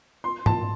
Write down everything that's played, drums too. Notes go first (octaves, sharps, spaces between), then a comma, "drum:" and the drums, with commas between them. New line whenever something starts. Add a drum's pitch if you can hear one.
C6
A5, drum: tom